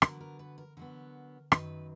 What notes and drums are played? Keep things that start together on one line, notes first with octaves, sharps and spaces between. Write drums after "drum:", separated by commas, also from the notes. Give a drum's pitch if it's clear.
D3 F#3 B3 A#4, drum: rim click
A#4
B4
A#4
D3 F#3 B3 A#4
F#2 D#3 F#3 B4, drum: rim click